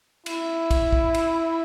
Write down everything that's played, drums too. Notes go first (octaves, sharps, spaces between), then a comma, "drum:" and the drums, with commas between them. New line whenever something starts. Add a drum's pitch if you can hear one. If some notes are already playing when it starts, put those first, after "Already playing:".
E4, drum: cymbal
drum: kick, cymbal
drum: kick
drum: cymbal